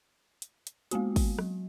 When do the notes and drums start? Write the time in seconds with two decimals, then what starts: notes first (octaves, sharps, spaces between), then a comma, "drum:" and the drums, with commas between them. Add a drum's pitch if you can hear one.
0.42 drum: hi-hat
0.67 drum: hi-hat
0.91 G#3 A#3 B3 F#4, drum: hi-hat
1.16 drum: kick, open hi-hat
1.39 F#3, drum: rim click